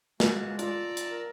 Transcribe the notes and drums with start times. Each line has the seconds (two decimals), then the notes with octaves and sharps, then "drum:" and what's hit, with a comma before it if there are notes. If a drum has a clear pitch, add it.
0.20 G#3 A#3 F#4 A5, drum: snare
0.59 F4 D5 A5 A#5 E6, drum: hi-hat
0.97 drum: hi-hat
1.10 A#4